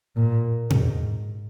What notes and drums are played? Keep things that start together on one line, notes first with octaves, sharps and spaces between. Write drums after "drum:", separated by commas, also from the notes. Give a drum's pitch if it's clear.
A#2
G#2, drum: tom B2